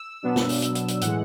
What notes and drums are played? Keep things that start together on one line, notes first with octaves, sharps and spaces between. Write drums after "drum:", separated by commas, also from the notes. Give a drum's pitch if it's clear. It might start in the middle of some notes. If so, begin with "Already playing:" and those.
Already playing: E6
B2 F#3 B3 D4
drum: snare
drum: open hi-hat
drum: hi-hat
drum: hi-hat
drum: hi-hat
A2 E3 G#3 F#5, drum: hi-hat